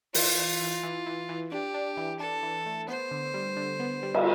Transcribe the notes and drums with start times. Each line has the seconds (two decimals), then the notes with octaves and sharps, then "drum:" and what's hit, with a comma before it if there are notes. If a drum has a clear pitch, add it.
0.14 E3 F4, drum: open hi-hat
0.38 E3
0.61 E3
0.83 E3
1.06 E3
1.29 E3
1.51 D4 G4
1.74 D4
1.97 E3
2.20 D4 A4
2.43 E3
2.66 A3
2.88 B3 C5
3.11 D3
3.34 G3
3.56 D3
3.80 B3
4.03 G3
4.14 drum: cymbal